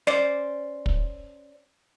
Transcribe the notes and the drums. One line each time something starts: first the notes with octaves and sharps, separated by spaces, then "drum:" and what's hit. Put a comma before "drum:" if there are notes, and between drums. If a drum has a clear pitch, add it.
C#4 C5 D5, drum: snare
drum: kick